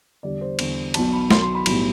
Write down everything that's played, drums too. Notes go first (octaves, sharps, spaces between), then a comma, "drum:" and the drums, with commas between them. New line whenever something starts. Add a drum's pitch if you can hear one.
E2 D3 G3 D5
C5
E2 D3 G3, drum: cymbal
B1 B2 F#3 A5, drum: cymbal
B5
B1 B2 F#3 C6, drum: snare
C6
B5
B1 A2 G3 B3 B5, drum: cymbal